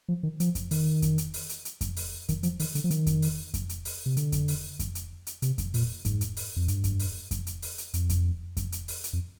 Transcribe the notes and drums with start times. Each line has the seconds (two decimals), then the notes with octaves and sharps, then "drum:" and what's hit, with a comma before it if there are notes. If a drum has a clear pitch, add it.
0.08 F3
0.23 D#3
0.40 F3, drum: hi-hat
0.55 drum: kick F2, hi-hat
0.71 D#3, drum: open hi-hat
1.02 drum: kick F2, hi-hat
1.18 drum: hi-hat
1.34 drum: open hi-hat
1.49 drum: hi-hat
1.65 drum: hi-hat
1.81 drum: kick F2, hi-hat
1.96 drum: open hi-hat
2.29 D#3, drum: kick F2, hi-hat
2.43 F3, drum: hi-hat
2.60 D#3, drum: open hi-hat
2.75 D3, drum: hi-hat
2.84 F3
2.90 D#3, drum: hi-hat
3.06 drum: kick F2, hi-hat
3.22 drum: open hi-hat
3.54 drum: kick F2, hi-hat
3.69 drum: hi-hat
3.85 drum: open hi-hat
4.06 C3
4.17 D3, drum: hi-hat
4.32 drum: kick F2, hi-hat
4.48 drum: open hi-hat
4.79 drum: kick F2, hi-hat
4.95 drum: hi-hat
5.27 drum: hi-hat
5.42 C3, drum: hi-hat
5.58 drum: kick F2, hi-hat
5.74 A#2, drum: open hi-hat
6.05 G#2, drum: kick F2, hi-hat
6.21 drum: hi-hat
6.37 drum: open hi-hat
6.56 F2
6.68 G2, drum: hi-hat
6.84 drum: kick F2, hi-hat
6.99 drum: open hi-hat
7.31 drum: kick F2, hi-hat
7.47 drum: hi-hat
7.62 drum: open hi-hat
7.78 drum: hi-hat
7.94 F2, drum: hi-hat
8.09 drum: kick F2, hi-hat
8.57 drum: kick F2, hi-hat
8.72 drum: hi-hat
8.88 drum: open hi-hat
9.04 drum: hi-hat
9.13 F2